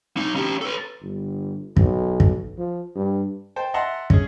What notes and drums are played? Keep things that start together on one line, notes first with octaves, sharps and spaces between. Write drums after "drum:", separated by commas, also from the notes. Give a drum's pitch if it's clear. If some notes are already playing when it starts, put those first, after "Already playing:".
B1 D#4
C#4 G4
A4 B4
G1
B1, drum: kick
drum: kick
F3
G2
C5 G5 A5
E5 F#5 A5 A#5 C6
C#4 G#4, drum: kick